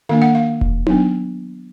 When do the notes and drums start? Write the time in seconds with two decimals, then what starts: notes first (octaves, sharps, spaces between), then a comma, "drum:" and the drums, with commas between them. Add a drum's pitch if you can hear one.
0.09 D#3 A#3 D4 F5
0.22 F#5
0.35 F5
0.61 drum: kick E1
0.87 F#3 B3 D4, drum: tom D#4